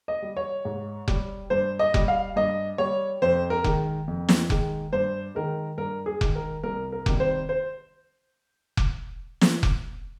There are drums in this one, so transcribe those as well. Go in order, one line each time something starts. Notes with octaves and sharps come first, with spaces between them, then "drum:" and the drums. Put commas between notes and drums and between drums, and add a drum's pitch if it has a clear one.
D#5
G3
C#5
G#2
G3, drum: kick F1
G2 C5
D#5
G3, drum: kick F1
F5
G2 D#5
G3 C#5
F2 C5
A#4
D#3 G#3, drum: kick F1
F2
drum: snare
D#3 G#3, drum: kick F1
G2 C5
D#3 G#3 A#4
G2 A#4
G#4
D#3 G#3, drum: kick F1
A#4
C2 A#4
A#4
C3 D#3 G3, drum: kick F1
C5
C5
drum: kick F1
drum: snare
drum: kick F1